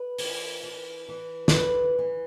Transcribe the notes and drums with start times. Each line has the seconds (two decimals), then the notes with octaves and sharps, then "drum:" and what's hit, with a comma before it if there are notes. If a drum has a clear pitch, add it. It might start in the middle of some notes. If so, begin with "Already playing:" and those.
Already playing: B4
0.18 E3, drum: open hi-hat
0.63 E3
1.09 E3
1.48 A4, drum: snare
1.53 E3 B4
1.99 E3